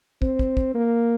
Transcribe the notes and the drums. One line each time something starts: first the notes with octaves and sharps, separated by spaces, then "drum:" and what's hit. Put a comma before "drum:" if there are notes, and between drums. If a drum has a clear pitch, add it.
C4, drum: kick
drum: kick
drum: kick
A#3